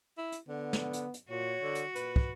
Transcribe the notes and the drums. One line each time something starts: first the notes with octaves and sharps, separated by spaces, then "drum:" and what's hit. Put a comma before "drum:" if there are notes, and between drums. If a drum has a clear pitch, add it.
E4
drum: hi-hat
D3 B3
drum: snare
drum: hi-hat
drum: hi-hat
A#2 F#4 C#5
D3
drum: hi-hat
A#2 B4, drum: hi-hat
drum: kick